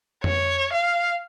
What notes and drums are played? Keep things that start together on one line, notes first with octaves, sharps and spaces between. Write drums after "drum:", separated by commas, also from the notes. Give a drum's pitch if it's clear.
C#5, drum: tom F2
F5